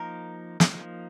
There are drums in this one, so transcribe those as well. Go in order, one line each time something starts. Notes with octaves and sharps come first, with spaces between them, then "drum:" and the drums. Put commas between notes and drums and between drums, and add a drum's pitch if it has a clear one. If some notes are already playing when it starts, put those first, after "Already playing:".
Already playing: F3 A#3 D#4 A#4
drum: snare
F3 A#3 D#4